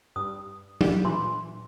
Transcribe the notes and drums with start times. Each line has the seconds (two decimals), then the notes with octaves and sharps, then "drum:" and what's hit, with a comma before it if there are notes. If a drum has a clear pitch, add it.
0.16 G2 D#6
0.81 G4, drum: tom F#3
1.05 A#2 E3 C6